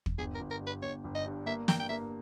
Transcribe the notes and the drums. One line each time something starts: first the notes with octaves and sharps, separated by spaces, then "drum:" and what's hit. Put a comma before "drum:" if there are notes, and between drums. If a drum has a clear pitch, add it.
drum: kick
G1 G#4
A#4
G1
A#4
G2
B4
G1 C#5
G1
D#5
G2
A#3 E5
A#3 G5, drum: snare
G5
A#3 E5